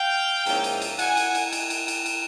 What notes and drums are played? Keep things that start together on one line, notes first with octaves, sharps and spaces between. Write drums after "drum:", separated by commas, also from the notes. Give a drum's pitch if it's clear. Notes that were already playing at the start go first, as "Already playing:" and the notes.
Already playing: F5 G5
G#2 F3 A#3 C#4 E4, drum: cymbal
drum: cymbal
drum: cymbal
F#5 G#5, drum: cymbal
drum: cymbal
drum: cymbal
drum: cymbal
drum: cymbal
drum: cymbal
drum: cymbal